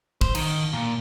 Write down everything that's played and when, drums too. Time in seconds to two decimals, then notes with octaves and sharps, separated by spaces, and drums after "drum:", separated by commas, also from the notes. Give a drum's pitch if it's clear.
0.21 C5, drum: kick
0.35 D#3, drum: cymbal
0.73 A#2